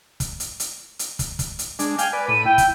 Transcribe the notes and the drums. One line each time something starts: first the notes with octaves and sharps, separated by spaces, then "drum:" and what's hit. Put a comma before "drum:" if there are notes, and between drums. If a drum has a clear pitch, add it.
drum: kick, hi-hat
drum: hi-hat
drum: hi-hat
drum: hi-hat
drum: kick, hi-hat
drum: kick, hi-hat
drum: hi-hat
G#3 D4, drum: hi-hat
F5 G5 G#5, drum: hi-hat
B4 D5
A2 B5 D#7
E4 G5
drum: kick, hi-hat